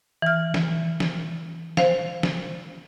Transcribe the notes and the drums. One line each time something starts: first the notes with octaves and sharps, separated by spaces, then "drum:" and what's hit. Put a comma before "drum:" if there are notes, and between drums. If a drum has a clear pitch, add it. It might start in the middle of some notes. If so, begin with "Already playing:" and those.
E3 F6
drum: snare
drum: snare
C5 F5, drum: snare
drum: snare